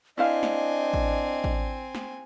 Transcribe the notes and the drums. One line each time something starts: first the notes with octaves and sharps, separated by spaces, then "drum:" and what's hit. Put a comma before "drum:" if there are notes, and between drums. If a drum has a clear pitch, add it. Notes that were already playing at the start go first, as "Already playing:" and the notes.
C4 D4 E4 C5 D#5 F5 G#5
drum: snare
drum: kick A1
drum: kick A1
drum: snare